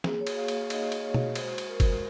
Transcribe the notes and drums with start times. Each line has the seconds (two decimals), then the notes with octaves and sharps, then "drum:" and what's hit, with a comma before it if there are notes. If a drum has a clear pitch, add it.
0.04 A#3 G#4, drum: snare
0.21 C#5
0.27 F#4, drum: cymbal
0.37 F5
0.48 A#3, drum: cymbal
0.54 F5
0.70 D#4 D#5, drum: cymbal
0.92 A#3, drum: cymbal
1.03 C#5
1.14 F#4, drum: tom B2
1.35 G#3 C5, drum: cymbal
1.58 F#4, drum: cymbal
1.70 A#4
1.80 G#3, drum: kick, cymbal